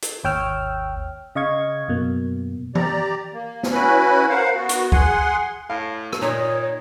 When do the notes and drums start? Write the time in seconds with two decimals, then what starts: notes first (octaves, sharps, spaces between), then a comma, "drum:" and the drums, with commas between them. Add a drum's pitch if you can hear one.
0.02 drum: hi-hat
0.24 G#1 D#2 C#5 G5 E6 F6
1.35 C#3 D#5 F5 C#6 G#6
1.88 F#2 B2 A#3
2.75 G4 D5 A#5, drum: tom E3
3.33 A#3
3.63 drum: snare
3.73 C#4 E4 F#4 B4 G#5 B5
4.29 A#4 C5 F5 F#5
4.55 B3 F#4
4.69 drum: hi-hat
4.92 G#4 F#5 G#5 C6, drum: kick
5.70 A2 F5
6.13 drum: rim click
6.22 A#2 D#3 C#5